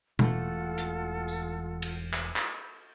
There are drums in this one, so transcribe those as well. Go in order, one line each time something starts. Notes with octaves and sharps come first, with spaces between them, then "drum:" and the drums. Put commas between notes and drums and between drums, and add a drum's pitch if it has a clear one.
E1 E3 A3 F4 A4 F#5, drum: tom B2
drum: hi-hat
drum: tambourine
drum: cymbal
drum: clap
drum: clap